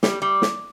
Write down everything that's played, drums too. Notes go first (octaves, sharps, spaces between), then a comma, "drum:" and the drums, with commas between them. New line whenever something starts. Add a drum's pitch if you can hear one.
G3, drum: snare
G3
drum: snare